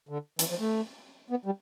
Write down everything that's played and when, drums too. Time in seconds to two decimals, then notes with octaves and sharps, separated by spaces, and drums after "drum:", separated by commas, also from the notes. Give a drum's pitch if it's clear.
0.09 D3
0.39 E3, drum: hi-hat
0.50 F3
0.60 A3
1.30 B3
1.46 G3